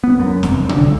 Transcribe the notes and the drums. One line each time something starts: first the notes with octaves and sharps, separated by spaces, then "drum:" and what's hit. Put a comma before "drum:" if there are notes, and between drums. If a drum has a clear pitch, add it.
B3
F#2
F1, drum: snare
D3, drum: tom B2
C#2